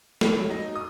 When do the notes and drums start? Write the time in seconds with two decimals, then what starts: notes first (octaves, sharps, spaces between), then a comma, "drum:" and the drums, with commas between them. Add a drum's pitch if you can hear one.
0.21 G3, drum: snare
0.37 F#3
0.50 D#4
0.76 D#6